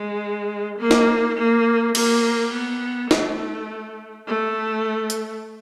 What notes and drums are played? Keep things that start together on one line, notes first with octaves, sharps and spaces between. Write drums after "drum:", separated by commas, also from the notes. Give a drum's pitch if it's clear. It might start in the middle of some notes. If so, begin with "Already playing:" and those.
Already playing: G#3
A#3
drum: snare
A#3
A#3, drum: cymbal
B3
A3, drum: snare
A3
drum: hi-hat